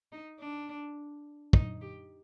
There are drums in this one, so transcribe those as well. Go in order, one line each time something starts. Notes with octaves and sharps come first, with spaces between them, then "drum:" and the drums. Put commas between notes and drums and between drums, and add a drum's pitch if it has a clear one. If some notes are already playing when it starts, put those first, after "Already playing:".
D#4
D4
D#4, drum: kick
G4